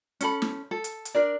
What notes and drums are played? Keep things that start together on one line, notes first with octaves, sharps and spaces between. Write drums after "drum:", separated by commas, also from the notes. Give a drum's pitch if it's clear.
C#4 A4 B5, drum: hi-hat
drum: snare
A4
drum: hi-hat
drum: hi-hat
D4 A#4 D5